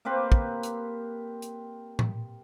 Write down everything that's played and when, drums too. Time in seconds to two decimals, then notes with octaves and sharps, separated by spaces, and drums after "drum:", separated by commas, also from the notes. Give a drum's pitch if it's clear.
0.05 A#3 C4 G4 B4
0.32 drum: kick
0.63 drum: hi-hat
1.42 drum: hi-hat
1.99 drum: tom A2